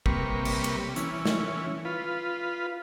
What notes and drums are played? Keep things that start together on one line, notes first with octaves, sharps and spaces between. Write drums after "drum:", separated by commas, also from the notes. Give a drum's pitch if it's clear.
C3 G3 A#3 B4 C#6, drum: kick A1
drum: cymbal
drum: cymbal
E3 C#4, drum: hi-hat
drum: snare
F4 B4